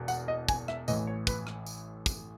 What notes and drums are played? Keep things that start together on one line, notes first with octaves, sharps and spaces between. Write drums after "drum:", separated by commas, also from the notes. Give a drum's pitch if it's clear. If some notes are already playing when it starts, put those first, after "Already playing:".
Already playing: E1 E2 B2
F#5, drum: tambourine
D#5
G#5, drum: kick, tambourine
E5, drum: rim click
A1 A2 E3 D#5, drum: tambourine
C#5
B4, drum: kick, tambourine
drum: rim click
drum: tambourine
drum: kick, tambourine